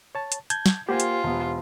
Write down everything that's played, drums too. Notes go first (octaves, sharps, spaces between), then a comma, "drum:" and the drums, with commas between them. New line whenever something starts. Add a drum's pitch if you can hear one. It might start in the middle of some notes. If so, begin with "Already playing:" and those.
C#5 A5
drum: hi-hat
A5 G6 G#6, drum: hi-hat
drum: snare
A#3 F4 G4 C5 F#5 G#5
drum: hi-hat
E1 B3